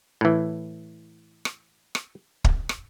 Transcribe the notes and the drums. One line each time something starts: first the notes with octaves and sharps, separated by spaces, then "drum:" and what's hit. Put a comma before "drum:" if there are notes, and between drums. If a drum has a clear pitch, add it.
A2 E3
drum: rim click
drum: rim click
drum: kick
drum: rim click